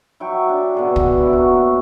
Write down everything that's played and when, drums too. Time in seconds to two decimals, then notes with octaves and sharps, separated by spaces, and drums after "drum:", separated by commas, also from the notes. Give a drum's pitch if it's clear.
0.20 F#3 E4 G5 C#6
0.49 D4
0.75 B2 D3 G#4
0.96 drum: kick
1.17 E4 G4 D5
1.33 A#3 F#4
1.48 C#4